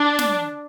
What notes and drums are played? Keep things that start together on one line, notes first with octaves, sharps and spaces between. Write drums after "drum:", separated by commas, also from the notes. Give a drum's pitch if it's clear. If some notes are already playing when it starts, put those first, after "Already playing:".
Already playing: D4
drum: snare